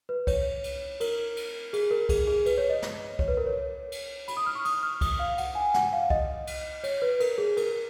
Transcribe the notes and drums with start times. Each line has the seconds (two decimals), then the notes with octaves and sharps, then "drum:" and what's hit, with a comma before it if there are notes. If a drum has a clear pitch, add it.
0.09 B4
0.27 C#5, drum: kick C2, cymbal
0.64 drum: cymbal
1.00 A#4, drum: cymbal
1.37 drum: cymbal
1.73 G#4, drum: cymbal
1.91 A#4
2.09 G#4, drum: kick C2, cymbal
2.27 G#4
2.46 B4, drum: cymbal
2.57 C#5
2.70 D#5
2.82 drum: snare
3.19 C#5, drum: kick C2
3.28 B4
3.37 A#4
3.47 C#5
3.92 drum: cymbal
4.28 B5, drum: cymbal
4.37 D#6
4.46 F6
4.55 C#6
4.65 D#6, drum: cymbal
4.83 F6
5.01 D#6, drum: kick C2, cymbal
5.19 F5
5.38 F#5, drum: cymbal
5.55 G#5
5.74 F#5, drum: snare
5.93 F5
6.10 D#5, drum: kick C2
6.47 drum: cymbal
6.84 C#5, drum: cymbal
7.02 B4
7.20 A#4, drum: cymbal
7.38 G#4
7.57 A#4, drum: cymbal